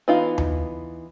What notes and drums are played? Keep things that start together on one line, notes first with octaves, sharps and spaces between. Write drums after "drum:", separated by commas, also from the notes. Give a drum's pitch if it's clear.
E3 B3 D#4 F4
drum: tom D#2